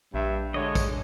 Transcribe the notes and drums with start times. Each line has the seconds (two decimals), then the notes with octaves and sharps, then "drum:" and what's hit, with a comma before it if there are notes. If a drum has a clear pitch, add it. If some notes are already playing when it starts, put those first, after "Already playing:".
0.14 A#1 G2 E5
0.54 D3 G#3 C#5 D#5
0.75 drum: kick, tambourine